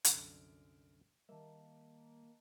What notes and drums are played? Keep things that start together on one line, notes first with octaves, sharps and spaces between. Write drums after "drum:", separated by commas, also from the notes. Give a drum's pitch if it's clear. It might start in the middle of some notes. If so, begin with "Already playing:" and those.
C2 F#2 D3 F6 D7, drum: hi-hat
D#3 G3 A#3 D#5 E5 A5